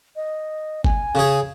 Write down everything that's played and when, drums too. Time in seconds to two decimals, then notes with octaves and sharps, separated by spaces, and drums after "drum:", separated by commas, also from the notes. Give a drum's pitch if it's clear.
0.16 D#5
0.84 G#5, drum: kick G1
1.15 C#3 G#4